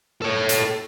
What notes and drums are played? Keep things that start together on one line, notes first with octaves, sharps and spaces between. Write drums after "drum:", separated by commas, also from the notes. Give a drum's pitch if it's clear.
A4 C#5
drum: hi-hat